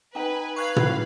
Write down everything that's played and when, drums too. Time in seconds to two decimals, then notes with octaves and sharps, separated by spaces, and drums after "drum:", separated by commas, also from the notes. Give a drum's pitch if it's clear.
0.15 D#4 B4 G5 G#5
0.56 B4 F5 B5 C#6 F#6 G#6
0.76 drum: tom